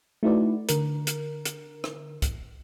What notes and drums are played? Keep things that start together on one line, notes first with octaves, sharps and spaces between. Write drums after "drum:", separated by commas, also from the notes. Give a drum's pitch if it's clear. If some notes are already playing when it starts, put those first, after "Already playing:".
A3 D#4 E4 F#4 B4 D5
D3 A#4, drum: hi-hat
drum: hi-hat
drum: hi-hat
drum: rim click
drum: kick, hi-hat